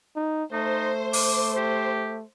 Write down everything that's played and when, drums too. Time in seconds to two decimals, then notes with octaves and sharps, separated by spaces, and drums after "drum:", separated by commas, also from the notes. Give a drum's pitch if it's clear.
0.16 D#4
0.53 A3 D#4 C5
1.13 D6, drum: open hi-hat
1.57 G4